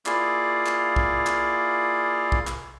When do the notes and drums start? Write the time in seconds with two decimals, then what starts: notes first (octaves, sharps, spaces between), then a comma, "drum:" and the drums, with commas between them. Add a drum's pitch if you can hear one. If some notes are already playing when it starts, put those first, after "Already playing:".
0.06 A#3 E4 F4 G#4 D5 F5, drum: clap
0.66 drum: clap
0.96 drum: kick B1
1.27 drum: clap
2.32 drum: kick B1
2.47 drum: clap